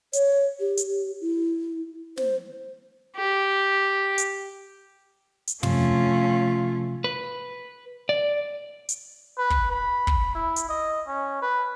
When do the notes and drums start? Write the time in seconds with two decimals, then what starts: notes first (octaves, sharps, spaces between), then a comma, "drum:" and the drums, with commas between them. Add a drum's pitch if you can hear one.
0.13 C#5, drum: hi-hat
0.60 G4
0.77 drum: hi-hat
1.21 E4
2.17 C5, drum: snare
3.16 G4
4.18 drum: hi-hat
5.47 drum: hi-hat
5.63 C3 F3 A3 C#4 F4, drum: tom
7.04 B4
8.09 D5
8.89 drum: hi-hat
9.38 B4
9.50 drum: kick
9.72 B5
10.07 drum: kick
10.35 E4
10.56 drum: hi-hat
10.69 D#5
11.07 C#4
11.42 B4